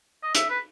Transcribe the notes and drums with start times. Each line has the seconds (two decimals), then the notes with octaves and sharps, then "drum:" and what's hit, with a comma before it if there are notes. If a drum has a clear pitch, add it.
0.23 D#5
0.35 E5, drum: hi-hat
0.50 B4